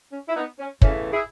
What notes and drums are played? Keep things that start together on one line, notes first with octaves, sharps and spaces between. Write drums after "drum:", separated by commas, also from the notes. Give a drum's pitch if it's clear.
C#4
E4
B3 D#4
C#4
E2 C#3 E3 A3 C#4, drum: kick
E4 G#4